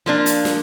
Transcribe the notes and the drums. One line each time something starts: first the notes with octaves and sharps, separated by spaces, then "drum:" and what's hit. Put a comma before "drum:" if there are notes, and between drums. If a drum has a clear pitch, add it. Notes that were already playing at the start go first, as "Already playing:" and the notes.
F3 A#3 D4 F4
drum: hi-hat
drum: snare